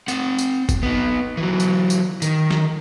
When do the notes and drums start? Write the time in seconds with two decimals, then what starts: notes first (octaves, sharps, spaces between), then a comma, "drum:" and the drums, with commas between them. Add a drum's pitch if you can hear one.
0.08 C4 F#5, drum: tambourine
0.38 drum: tambourine
0.69 drum: kick, tambourine
0.83 B3 D#4
1.37 E3 F#3
1.60 drum: tambourine
1.90 drum: tambourine
2.22 D#3, drum: tambourine
2.51 drum: snare